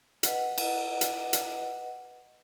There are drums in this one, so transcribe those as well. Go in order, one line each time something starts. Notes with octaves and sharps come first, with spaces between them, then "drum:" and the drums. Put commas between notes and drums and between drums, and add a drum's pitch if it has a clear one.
B4 D#5 F#5, drum: hi-hat
drum: cymbal
drum: hi-hat
drum: hi-hat